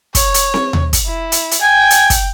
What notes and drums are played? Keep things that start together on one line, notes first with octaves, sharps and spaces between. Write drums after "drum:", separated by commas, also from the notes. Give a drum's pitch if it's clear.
C#5, drum: kick, hi-hat
drum: hi-hat
drum: snare C4
drum: tom D#2
drum: kick, hi-hat
E4
drum: hi-hat
drum: hi-hat
G5 G#5
drum: hi-hat
drum: kick, hi-hat